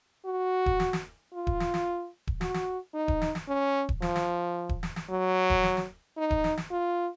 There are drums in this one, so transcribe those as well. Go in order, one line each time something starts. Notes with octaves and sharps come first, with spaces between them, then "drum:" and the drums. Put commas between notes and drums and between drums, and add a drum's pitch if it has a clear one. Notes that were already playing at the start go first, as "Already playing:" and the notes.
F#4
drum: kick D#1
drum: snare
drum: snare
F4
drum: kick D#1
drum: snare
drum: snare
drum: kick D#1
F#4, drum: snare
drum: snare
D#4
drum: kick D#1
drum: snare
drum: snare
C#4
drum: kick D#1
F3, drum: snare
drum: snare
drum: kick D#1
drum: snare
drum: snare
F#3
drum: kick D#1
drum: snare
drum: snare
D#4
drum: kick D#1
drum: snare
drum: snare
F4